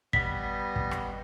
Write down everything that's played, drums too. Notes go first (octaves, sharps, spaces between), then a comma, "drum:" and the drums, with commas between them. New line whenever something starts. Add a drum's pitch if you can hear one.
G3 B3 D#5 B6, drum: kick
drum: kick
drum: rim click